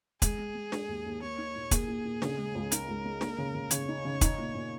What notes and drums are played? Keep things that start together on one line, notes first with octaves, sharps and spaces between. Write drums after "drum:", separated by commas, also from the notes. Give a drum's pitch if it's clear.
G#3 G#4, drum: kick, hi-hat
G#3
G#3
G#3, drum: snare
D#2
D#2
A#3 C#5
D#4
A#2
A#3 G#4, drum: kick, hi-hat
A#2
A#2
C#3, drum: snare
G#3
C#2
D#4 A#4, drum: hi-hat
C#2
G#3
A#3, drum: snare
C#3
C#3
C#3 C#5, drum: hi-hat
D#4
C#3
D#4, drum: kick, hi-hat
A#2
A#2